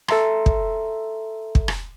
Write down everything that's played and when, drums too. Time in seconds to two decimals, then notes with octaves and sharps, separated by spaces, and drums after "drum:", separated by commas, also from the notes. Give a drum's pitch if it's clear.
0.08 A4 E5 A#5 C6, drum: rim click
0.46 drum: kick
1.55 drum: kick
1.68 drum: rim click